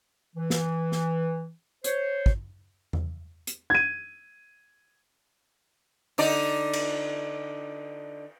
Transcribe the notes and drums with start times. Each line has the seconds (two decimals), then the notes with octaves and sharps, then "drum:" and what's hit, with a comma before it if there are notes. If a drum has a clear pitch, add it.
0.36 E3
0.50 drum: snare
0.92 drum: snare
1.84 C5 C#5, drum: hi-hat
2.26 drum: kick
2.93 drum: tom E2
3.47 drum: hi-hat
3.70 G#6 D#7
6.18 D3 D#4 D5, drum: open hi-hat
6.73 drum: cymbal